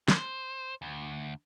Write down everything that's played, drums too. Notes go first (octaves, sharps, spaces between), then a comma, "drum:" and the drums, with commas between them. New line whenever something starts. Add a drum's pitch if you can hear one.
C5, drum: snare
D2